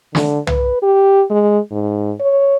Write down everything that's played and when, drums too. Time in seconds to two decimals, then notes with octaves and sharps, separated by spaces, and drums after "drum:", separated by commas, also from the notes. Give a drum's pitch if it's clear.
0.15 D3, drum: snare
0.47 B4, drum: tom
0.83 G4
1.30 G#3
1.71 G#2
2.20 C#5